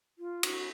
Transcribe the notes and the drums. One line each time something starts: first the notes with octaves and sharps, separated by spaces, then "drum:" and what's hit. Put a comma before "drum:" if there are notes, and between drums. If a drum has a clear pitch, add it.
F4
F#4, drum: cymbal